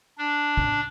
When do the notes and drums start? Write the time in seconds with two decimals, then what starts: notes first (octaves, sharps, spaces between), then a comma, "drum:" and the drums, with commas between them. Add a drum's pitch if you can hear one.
0.18 D4
0.57 drum: kick